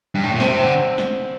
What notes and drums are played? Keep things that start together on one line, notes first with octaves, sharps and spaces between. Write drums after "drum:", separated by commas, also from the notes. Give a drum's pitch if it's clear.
G2
A2
A#2
C3 C4, drum: snare
D3
drum: snare